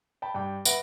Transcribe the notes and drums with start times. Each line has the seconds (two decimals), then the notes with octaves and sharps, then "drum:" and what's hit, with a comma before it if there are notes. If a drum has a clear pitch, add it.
0.22 G5 A5 B5
0.35 G2 G5 D6
0.65 B4 E5 F#5 A#6 D7 F#7, drum: tambourine